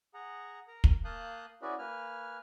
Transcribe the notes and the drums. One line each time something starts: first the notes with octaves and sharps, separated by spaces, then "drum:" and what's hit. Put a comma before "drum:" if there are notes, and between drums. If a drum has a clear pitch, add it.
G#4 F#5 A#5
A#4 A#5
drum: kick
A#3 F5 A5 D#6 F#6 G6
C#4 E4 F#4 G#4 B4 D5
A#3 B4 G#5 F6